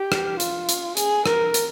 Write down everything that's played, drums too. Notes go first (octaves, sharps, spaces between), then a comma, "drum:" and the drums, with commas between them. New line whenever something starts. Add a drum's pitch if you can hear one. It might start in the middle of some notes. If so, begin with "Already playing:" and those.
Already playing: G4
drum: rim click
F4, drum: hi-hat
drum: hi-hat
G#4, drum: hi-hat
A#4, drum: rim click
drum: hi-hat